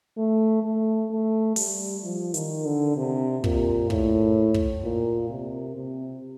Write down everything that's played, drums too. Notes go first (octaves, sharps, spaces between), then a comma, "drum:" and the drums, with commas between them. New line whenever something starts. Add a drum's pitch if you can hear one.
A3
A3
A3
G3, drum: open hi-hat
F3
D#3, drum: hi-hat
D3
C3
A#2, drum: kick
A2, drum: kick
drum: kick
A#2
C3
C3